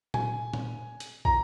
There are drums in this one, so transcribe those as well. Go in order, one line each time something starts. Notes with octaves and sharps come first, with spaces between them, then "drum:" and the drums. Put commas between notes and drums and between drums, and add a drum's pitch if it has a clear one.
G#5, drum: tom A#2
drum: tom
drum: hi-hat
A#5, drum: kick